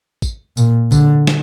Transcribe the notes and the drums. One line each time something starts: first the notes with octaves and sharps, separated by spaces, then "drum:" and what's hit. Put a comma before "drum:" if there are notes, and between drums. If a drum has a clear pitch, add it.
drum: kick, tambourine
A#2, drum: tambourine
D3, drum: kick, tambourine
drum: snare